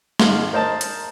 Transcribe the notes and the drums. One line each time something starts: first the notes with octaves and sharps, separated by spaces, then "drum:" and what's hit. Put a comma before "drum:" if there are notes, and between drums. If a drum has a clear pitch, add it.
G#1 F5 C6, drum: snare
A#4 C5 D#5 A5
drum: hi-hat